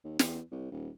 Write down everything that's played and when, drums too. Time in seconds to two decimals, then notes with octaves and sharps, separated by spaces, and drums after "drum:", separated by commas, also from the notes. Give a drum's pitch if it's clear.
0.04 D#2
0.19 E2, drum: snare
0.52 C2
0.71 D#1